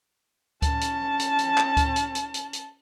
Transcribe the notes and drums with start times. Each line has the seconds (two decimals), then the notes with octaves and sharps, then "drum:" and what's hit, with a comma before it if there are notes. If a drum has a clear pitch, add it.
0.62 C#4 A5, drum: kick D2, hi-hat
0.81 drum: hi-hat
1.19 drum: hi-hat
1.39 drum: hi-hat
1.58 drum: clap
1.77 drum: kick D2, hi-hat
1.96 drum: hi-hat
2.15 drum: hi-hat
2.34 drum: hi-hat
2.53 drum: hi-hat